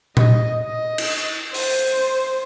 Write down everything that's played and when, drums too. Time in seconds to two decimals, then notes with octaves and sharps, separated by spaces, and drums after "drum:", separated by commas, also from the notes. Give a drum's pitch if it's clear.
0.17 D#5, drum: tom A#2
0.62 D#5
0.98 drum: cymbal
1.54 C5, drum: open hi-hat